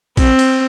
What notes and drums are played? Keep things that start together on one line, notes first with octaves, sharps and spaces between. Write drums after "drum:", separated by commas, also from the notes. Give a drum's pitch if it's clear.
C4, drum: kick A#1, cymbal
drum: cymbal